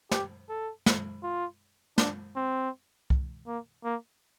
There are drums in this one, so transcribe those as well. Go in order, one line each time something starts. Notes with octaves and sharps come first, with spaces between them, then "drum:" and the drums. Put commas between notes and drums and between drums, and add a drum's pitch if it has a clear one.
G4, drum: snare
A4
drum: snare
F4
D4, drum: snare
C4
drum: kick C2
A#3
A#3